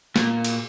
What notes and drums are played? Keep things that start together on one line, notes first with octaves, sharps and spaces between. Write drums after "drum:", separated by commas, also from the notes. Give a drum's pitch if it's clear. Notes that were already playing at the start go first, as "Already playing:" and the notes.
A#2, drum: snare
drum: cymbal